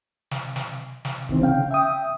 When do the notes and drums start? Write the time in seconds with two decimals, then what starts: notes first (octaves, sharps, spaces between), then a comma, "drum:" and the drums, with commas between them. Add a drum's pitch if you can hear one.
0.31 drum: snare
0.56 drum: snare
1.05 drum: snare
1.29 C3 D#3 E3 C4, drum: kick
1.41 C#3 C#4 F5 G5
1.71 E5 G5 D#6